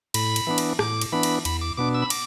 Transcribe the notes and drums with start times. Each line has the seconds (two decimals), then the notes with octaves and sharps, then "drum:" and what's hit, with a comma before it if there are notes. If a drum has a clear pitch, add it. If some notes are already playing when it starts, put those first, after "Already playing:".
0.14 A2 B5, drum: cymbal
0.36 drum: cymbal
0.47 E3 B3 D4
0.58 drum: cymbal
0.79 A2 D6, drum: rim click
1.01 drum: cymbal
1.12 E3 B3 D4 B5
1.23 drum: cymbal
1.45 E2 B5, drum: cymbal
1.61 D6
1.77 B2 B3 D4 D6
1.94 E6
2.02 B5
2.10 D6, drum: cymbal